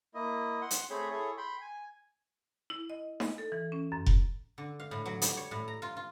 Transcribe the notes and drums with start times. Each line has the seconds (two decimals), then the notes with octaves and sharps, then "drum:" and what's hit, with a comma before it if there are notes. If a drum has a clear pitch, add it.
0.14 A#3 E4 D#5
0.61 F#5 C6
0.71 drum: hi-hat
0.90 A3 C4 G#4 C#5 G5 B5
1.10 E4 G#4 A4 C#5
1.37 G5 B5 C6
1.61 G#5
2.70 E4
2.90 D#5
3.20 drum: snare D#4
3.38 A4
3.52 E3
3.72 C#4
3.92 F#2
4.06 drum: kick F1
4.58 D3
4.80 F5
4.91 A2
5.06 F#3
5.22 G3, drum: hi-hat
5.37 C#5
5.51 A2
5.68 A#5
5.82 F4
5.97 F4